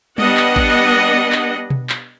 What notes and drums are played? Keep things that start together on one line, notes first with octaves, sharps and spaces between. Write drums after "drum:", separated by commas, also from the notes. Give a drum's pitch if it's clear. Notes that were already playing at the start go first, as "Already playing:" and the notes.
G3 B3 D4 D#5 F#5, drum: tom G3
drum: clap
drum: kick G#1
drum: clap
drum: tom B2
drum: clap